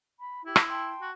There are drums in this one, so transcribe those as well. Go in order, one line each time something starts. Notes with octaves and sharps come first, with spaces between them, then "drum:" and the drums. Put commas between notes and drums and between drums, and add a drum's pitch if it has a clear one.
B5
E4 G4
drum: rim click
G5 A5 C6
F#4